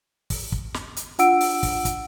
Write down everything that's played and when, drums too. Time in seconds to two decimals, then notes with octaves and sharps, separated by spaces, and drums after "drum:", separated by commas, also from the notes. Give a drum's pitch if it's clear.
0.30 drum: kick, open hi-hat
0.52 drum: kick
0.74 drum: snare
0.97 drum: hi-hat
1.19 D4 F4 F#5 E6 D7, drum: hi-hat
1.41 drum: open hi-hat
1.63 drum: kick, open hi-hat
1.85 drum: kick, hi-hat